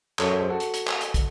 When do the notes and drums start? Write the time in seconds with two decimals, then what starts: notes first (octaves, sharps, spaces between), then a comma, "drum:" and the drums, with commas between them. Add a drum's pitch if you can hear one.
0.19 F#2 A4 C#5, drum: clap
0.30 A4 C#5
0.40 G#4 C5
0.50 F#4 A4
0.60 drum: hi-hat
0.74 drum: hi-hat
0.87 drum: clap
1.01 drum: hi-hat
1.14 drum: kick, hi-hat